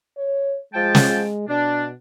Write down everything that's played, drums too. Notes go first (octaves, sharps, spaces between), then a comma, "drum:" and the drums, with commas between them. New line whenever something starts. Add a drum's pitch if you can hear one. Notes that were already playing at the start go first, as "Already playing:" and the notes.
C#5
F3 G#3 G5 A5
drum: snare
B2 D4